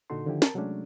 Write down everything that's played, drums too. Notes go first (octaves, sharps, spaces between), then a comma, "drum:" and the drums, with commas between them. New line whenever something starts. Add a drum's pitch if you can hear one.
A#2 D3 D#4 F#4 A4 C6
D3 D#3 F3 E4 G4
A#4 A5, drum: snare
C3 F#3 G#3 A3 C#4 D4